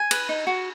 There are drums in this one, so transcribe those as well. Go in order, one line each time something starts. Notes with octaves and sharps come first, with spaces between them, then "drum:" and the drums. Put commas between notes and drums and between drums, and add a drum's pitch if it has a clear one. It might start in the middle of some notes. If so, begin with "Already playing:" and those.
Already playing: G#5
B4, drum: cymbal
D#4
F#4